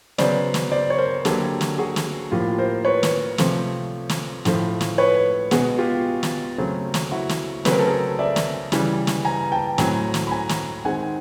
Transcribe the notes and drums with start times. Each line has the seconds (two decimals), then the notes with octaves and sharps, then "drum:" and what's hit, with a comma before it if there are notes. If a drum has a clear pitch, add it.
0.18 C#3 F#3 B3 C5 D5, drum: snare
0.54 drum: snare
0.72 C5 D5
0.90 C#5
0.98 A#4 C5
1.25 D3 F#3 A#3 G4 A4, drum: snare
1.61 drum: snare
1.78 F#4 G#4
1.96 drum: snare
2.31 A2 F3 A#3 F4 G4
2.58 A#4 C5
2.85 B4 C#5
3.03 drum: snare
3.38 C3 F3 A3 C4, drum: snare
4.09 drum: snare
4.45 A2 F3 A3, drum: snare
4.81 drum: snare
4.98 B4 C#5
5.51 B2 G#3 B3 F#4 G#4, drum: snare
5.78 F4 G4
6.23 drum: snare
6.58 C#3 F#3 A3 C4
6.94 drum: snare
7.12 E4 F#4
7.29 drum: snare
7.65 C#3 F#3 A3 C4 B4, drum: snare
7.72 A#4
7.79 A4
7.87 G#4 A#4
8.19 D5 E5
8.36 drum: snare
8.72 C#3 E3 G3, drum: snare
9.07 drum: snare
9.25 G#5 A#5
9.52 G5 A5
9.78 A2 F#3 A3 C4 G#5 A#5, drum: snare
10.14 drum: snare
10.27 B5
10.31 G#5 A#5
10.49 drum: snare
10.85 D#3 G#3 C4 F#5 G#5